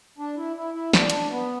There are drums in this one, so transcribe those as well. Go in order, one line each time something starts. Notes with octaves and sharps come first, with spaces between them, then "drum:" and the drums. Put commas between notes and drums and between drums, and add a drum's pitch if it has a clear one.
D4
E4
E4
E4
D4, drum: snare
drum: hi-hat
B3